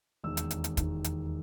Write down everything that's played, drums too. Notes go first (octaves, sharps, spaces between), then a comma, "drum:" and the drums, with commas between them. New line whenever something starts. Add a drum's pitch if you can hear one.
E1 D#2 D#3 E6
drum: hi-hat
drum: hi-hat
drum: hi-hat
E1 D#2 D#3, drum: kick, hi-hat
drum: hi-hat